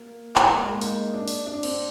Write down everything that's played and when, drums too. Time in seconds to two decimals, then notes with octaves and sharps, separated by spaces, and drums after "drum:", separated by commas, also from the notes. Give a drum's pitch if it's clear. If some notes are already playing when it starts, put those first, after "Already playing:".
Already playing: A#3
0.36 drum: clap
0.48 G#3
0.57 A#3
0.65 G#3
0.73 A#3
0.81 D#4, drum: open hi-hat
1.14 D4
1.28 drum: open hi-hat
1.46 D4
1.63 C4, drum: cymbal